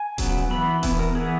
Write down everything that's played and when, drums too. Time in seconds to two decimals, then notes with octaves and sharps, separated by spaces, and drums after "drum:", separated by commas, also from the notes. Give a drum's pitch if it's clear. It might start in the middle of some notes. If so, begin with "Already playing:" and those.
Already playing: G#5
0.18 C#3 F#3 B3, drum: kick D#1, hi-hat
0.51 E3 B3 B5
0.83 E3 B3, drum: kick D#1, hi-hat
0.99 A#4
1.15 E3 B3 G#4